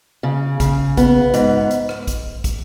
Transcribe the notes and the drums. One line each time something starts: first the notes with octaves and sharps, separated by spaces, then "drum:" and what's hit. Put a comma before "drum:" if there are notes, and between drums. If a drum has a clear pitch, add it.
C#3
C#3, drum: kick, hi-hat
B3, drum: kick, hi-hat
G#2, drum: hi-hat
drum: hi-hat
drum: rim click
drum: kick, hi-hat
drum: kick, hi-hat